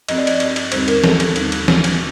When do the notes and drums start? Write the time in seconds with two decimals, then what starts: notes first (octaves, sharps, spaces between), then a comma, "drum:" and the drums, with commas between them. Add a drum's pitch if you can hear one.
0.08 G2 F3 C4 D#5, drum: cymbal
0.18 D5
0.27 D#5, drum: cymbal
0.40 drum: cymbal
0.56 drum: cymbal
0.72 D#2 D3 G3 C4 D#4 C5, drum: cymbal
0.88 A#4, drum: cymbal
1.04 A4, drum: snare
1.20 A4, drum: cymbal
1.36 D#2 D3 G3 C4 D#4, drum: cymbal
1.52 drum: cymbal
1.68 drum: snare
1.84 drum: cymbal